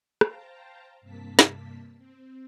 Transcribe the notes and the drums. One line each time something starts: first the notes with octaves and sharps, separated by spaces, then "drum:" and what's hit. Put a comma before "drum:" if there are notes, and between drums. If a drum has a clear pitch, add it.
C5 F5 G5 A5 A#5, drum: rim click
G2 C3 A#3 A5 B6
drum: snare
C4